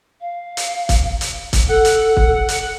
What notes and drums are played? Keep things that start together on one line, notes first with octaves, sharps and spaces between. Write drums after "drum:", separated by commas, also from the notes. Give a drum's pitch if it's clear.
F5
drum: hi-hat
drum: kick, hi-hat
drum: hi-hat
drum: kick, hi-hat
A4 F#5
drum: hi-hat
drum: kick
drum: hi-hat